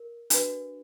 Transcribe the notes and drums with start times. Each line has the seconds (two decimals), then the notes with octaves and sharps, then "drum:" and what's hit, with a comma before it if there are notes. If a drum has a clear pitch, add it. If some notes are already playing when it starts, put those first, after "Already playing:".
Already playing: A#4
0.30 D4 F#4 B4, drum: hi-hat